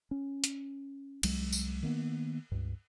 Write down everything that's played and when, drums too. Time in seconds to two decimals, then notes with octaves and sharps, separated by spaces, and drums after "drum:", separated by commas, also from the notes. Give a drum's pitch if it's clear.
0.11 C#4
0.44 drum: hi-hat
1.23 C2 F#3 G#3, drum: cymbal
1.52 drum: tambourine
1.83 D#3 A#3 B3
2.52 C#2 G2